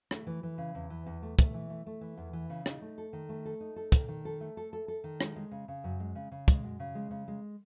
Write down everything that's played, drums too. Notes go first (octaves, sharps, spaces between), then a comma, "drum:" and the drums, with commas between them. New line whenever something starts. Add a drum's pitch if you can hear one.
A3, drum: rim click
E3
E3
C#3
E2
E3
E2
A3
A3, drum: kick, hi-hat
E3
A3
A3
E3
E2
E3
C#3
D#4, drum: rim click
A3
A4
D#3
A3
A4
D#4
A4
D#3, drum: kick, hi-hat
D#3
A4
A3
A4
A4
A4
D#3
G#3, drum: rim click
G#3
C#3
C#3
F#2
G#3
C#3
C#3
G#3, drum: kick, hi-hat
F#2
C#3
G#3
C#3
G#3